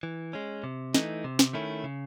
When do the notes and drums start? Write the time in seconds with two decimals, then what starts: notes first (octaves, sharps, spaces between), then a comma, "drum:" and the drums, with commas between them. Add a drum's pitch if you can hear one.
0.03 E3
0.33 G#3 C#4
0.64 C3
0.94 E3 A3 D#4, drum: snare
1.24 C3
1.39 drum: snare
1.53 D#3 A3 C#4 E4
1.84 C#3